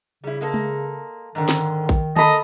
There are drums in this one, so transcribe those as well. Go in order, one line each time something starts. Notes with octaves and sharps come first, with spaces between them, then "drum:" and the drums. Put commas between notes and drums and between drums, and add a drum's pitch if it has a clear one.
C#3 G3 E4
G#3 A#3 A4
drum: tom G#3
G#2 D3 D#3
drum: snare
drum: kick A#1
A#3 A4 D#5 A5 B5 D#6, drum: tom D3